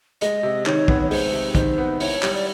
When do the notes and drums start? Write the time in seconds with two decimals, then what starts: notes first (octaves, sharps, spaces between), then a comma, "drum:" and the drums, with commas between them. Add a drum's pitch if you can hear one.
0.21 G#3 D#5, drum: hi-hat
0.43 C3
0.66 D#3 C#5, drum: clap
0.88 B3, drum: kick
1.02 C#5
1.11 G#3 C5, drum: open hi-hat
1.32 C3
1.55 D#3 C5, drum: kick, hi-hat
1.78 B3
2.00 E4 C#5, drum: open hi-hat
2.22 G3, drum: clap
2.34 D5